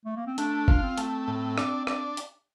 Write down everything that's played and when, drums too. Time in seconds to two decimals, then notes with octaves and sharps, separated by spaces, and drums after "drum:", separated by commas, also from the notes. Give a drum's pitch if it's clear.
0.05 A3
0.16 A#3
0.27 C4
0.38 A3 D4, drum: hi-hat
0.68 F4, drum: kick G1
0.83 C4
0.98 A3, drum: hi-hat
1.27 A2
1.58 D4, drum: rim click
1.87 D4, drum: rim click
2.17 drum: hi-hat